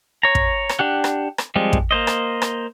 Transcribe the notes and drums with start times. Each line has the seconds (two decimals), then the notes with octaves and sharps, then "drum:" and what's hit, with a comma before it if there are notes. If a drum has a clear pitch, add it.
0.23 C#5 A#5
0.35 drum: kick
0.69 drum: rim click
0.79 D4 G4 F#5
1.04 drum: rim click
1.38 drum: rim click
1.56 F3 G3 G#3 C4
1.73 drum: kick
1.91 A#3 C5 D#5
2.07 drum: rim click
2.42 drum: rim click